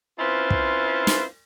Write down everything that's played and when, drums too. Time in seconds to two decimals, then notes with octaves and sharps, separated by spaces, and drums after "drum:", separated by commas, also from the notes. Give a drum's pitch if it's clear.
0.19 C4 C#4 E4 F4 B4 C5
0.50 drum: kick
1.07 drum: snare